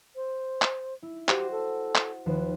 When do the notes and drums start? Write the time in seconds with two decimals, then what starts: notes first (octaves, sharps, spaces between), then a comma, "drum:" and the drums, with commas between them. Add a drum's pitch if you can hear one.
0.16 C5
0.62 drum: clap
1.03 E4
1.28 F#4 G4 C5 G5, drum: clap
1.51 A4
1.95 drum: clap
2.26 D#2 F3 B4 C5